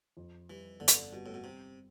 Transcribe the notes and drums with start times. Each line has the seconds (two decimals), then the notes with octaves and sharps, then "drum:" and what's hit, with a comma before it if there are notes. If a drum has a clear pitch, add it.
0.17 F2
0.50 E3 G3
0.80 G1 D3
0.88 E3, drum: hi-hat
0.94 D3
1.12 B2 G3
1.26 A2
1.34 B2
1.44 C3 C4